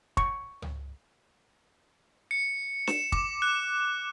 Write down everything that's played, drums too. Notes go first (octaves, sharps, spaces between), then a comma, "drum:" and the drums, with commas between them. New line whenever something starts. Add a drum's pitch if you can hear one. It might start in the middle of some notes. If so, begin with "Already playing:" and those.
C#6, drum: kick
drum: tom C#2
C#7
E7, drum: snare
D6, drum: kick
F#6